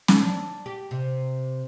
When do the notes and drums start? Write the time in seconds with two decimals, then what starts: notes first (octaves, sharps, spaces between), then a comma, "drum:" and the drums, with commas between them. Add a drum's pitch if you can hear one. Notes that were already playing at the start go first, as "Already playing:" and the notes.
0.08 drum: snare
0.22 D4
0.66 G4
0.91 C3